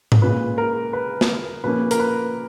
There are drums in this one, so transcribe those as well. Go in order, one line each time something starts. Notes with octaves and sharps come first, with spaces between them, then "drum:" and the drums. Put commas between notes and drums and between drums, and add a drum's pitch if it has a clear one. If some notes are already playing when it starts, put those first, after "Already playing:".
drum: tom G#2
A#2 G#3 C#4 F4 B4
A#4
B4
drum: snare
A#2 F3 A#3 C#4 B4
A#4, drum: hi-hat
B4